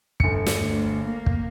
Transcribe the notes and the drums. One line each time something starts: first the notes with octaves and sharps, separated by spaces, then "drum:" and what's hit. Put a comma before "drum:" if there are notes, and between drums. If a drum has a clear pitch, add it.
G1 C#7, drum: kick
drum: snare
D2
A#3
drum: kick